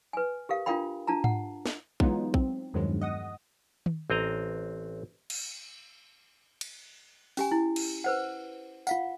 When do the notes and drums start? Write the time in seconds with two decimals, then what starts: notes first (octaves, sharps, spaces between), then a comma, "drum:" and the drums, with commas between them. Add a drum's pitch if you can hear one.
0.13 B4 G#5
0.49 G4 A#4 F5
0.66 D4 F4 A#4 F5 G5 B5
1.07 D4 F4 A5 A#5
1.24 F#5, drum: tom G#2
1.66 drum: snare
2.00 E3 F#3 G#3 B3 D#4 F4, drum: kick
2.34 C4, drum: kick
2.74 E2 G2 D#3 F3 F#3 G#3
3.01 D#5 F#5 D#6
3.86 drum: tom D#3
4.10 A1 C4 D#5 A#5
5.30 drum: cymbal
6.61 drum: cymbal
7.37 C#4 G4 G#5, drum: open hi-hat
7.51 E4
7.76 drum: cymbal
8.04 B4 C5 F#5
8.87 F4 F5 F#5, drum: tambourine